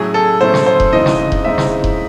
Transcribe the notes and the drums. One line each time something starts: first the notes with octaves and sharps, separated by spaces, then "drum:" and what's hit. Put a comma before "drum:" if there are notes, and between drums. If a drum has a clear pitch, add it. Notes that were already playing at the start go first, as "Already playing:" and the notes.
Already playing: A2 F#3 A3 C#4 E4 G#4
A4
A2 F#3 A3 C#4 E4 C5
drum: snare
C5
drum: kick D#1
C#3 E3 G#3 C4 D#4 D#5
drum: snare
drum: kick D#1
C#3 E3 G#3 C4 D#4 E5
drum: snare
drum: kick D#1